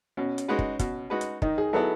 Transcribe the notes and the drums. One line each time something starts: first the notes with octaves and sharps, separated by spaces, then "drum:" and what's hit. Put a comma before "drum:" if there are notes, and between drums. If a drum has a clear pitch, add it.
B2 C#4
drum: hi-hat
G#3 D#4 F#4 B4
drum: kick
B2, drum: kick, hi-hat
G#3 D#4 F#4 B4
drum: hi-hat
D#3 D#4, drum: kick
G#4
F#3 B3 E4 A4